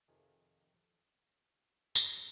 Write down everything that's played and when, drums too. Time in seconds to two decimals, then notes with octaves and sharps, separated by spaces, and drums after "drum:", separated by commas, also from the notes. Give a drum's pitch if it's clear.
0.08 F2 C3 D#3 F4 G#4
1.95 G#2 D#3 D#4 G4, drum: tambourine